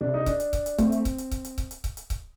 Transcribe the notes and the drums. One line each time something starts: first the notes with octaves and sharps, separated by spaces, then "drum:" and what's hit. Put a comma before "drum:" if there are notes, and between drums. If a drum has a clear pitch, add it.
C3 D4
D#4
D4, drum: kick C#1, hi-hat
drum: hi-hat
drum: kick C#1, hi-hat
drum: hi-hat
A3 C4, drum: kick C#1, hi-hat
drum: hi-hat
drum: kick C#1, hi-hat
drum: hi-hat
drum: kick C#1, hi-hat
drum: hi-hat
drum: kick C#1, hi-hat
drum: hi-hat
drum: kick C#1, hi-hat
drum: hi-hat
drum: kick C#1, hi-hat